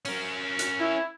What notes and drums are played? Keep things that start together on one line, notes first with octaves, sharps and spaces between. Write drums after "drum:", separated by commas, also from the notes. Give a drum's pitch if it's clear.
C#4 A#4, drum: cymbal
drum: hi-hat
E4